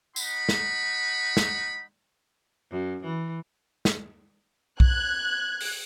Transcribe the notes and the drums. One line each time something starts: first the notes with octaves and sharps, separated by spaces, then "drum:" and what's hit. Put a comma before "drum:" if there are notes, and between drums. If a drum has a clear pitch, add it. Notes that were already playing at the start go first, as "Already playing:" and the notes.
D#4 F#5 B5, drum: tambourine
drum: snare
drum: snare
F#2
E3
drum: snare
F#6 G#6, drum: kick B1
drum: open hi-hat